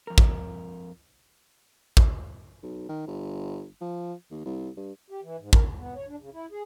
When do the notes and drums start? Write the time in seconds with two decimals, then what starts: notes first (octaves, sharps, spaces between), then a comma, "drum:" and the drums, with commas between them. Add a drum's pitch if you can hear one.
0.07 F2 A#4
0.18 drum: kick
1.97 drum: kick
2.63 B1
2.89 D#3
3.07 G1
3.81 F3
4.31 D#2
4.45 C2
4.77 G2
5.10 G4
5.23 E3
5.39 G#2
5.53 A#4, drum: kick
5.66 D2
5.78 B3
5.96 C#5
6.08 D4
6.20 C#3
6.33 E4
6.51 G#4